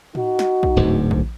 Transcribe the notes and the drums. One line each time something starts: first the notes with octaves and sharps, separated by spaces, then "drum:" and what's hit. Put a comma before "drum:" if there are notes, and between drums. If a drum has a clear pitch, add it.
D#4 F#4, drum: tom A2
drum: snare
drum: kick
D1 D2 G#2
drum: kick